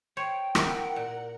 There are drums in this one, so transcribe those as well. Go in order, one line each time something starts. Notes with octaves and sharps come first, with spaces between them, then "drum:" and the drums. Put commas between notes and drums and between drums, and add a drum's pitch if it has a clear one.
C5 C#5 G5
E4 G4 A#4 F#5, drum: rim click
A#2